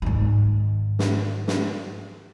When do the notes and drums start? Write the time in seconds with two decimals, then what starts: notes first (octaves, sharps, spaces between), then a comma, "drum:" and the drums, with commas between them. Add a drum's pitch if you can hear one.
0.02 G#2 D#3
0.99 drum: snare
1.48 drum: snare